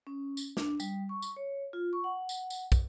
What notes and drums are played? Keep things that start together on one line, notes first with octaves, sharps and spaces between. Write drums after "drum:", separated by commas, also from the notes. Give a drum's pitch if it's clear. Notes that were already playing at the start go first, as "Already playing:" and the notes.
C#4
drum: tambourine
D4, drum: snare
G3, drum: tambourine
C#6
drum: tambourine
C#5
F4
C#6
F#5
drum: tambourine
drum: tambourine
drum: kick, tambourine